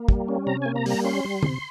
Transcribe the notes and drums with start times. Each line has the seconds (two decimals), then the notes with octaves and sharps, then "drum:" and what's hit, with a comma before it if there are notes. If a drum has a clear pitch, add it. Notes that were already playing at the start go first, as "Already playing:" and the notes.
Already playing: A#3
0.09 G3, drum: kick
0.28 C#4
0.47 C3 A#5
0.62 A#3 G#5
0.76 A#5
0.86 G3 A#5, drum: open hi-hat
1.04 C#4 C6
1.25 G3
1.43 C3, drum: tom